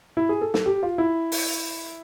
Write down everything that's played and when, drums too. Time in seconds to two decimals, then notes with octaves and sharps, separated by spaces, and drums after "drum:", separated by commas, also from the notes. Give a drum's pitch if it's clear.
0.17 E4
0.29 G#4
0.41 A4
0.54 A4, drum: snare
0.66 G4
0.83 F4
0.98 E4
1.32 drum: open hi-hat